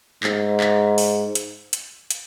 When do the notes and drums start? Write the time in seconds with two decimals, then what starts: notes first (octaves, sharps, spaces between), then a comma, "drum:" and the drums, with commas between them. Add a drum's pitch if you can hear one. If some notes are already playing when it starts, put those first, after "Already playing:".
0.23 G#2, drum: clap
0.60 drum: clap
0.98 drum: open hi-hat
1.35 drum: hi-hat
1.73 drum: hi-hat
2.11 drum: hi-hat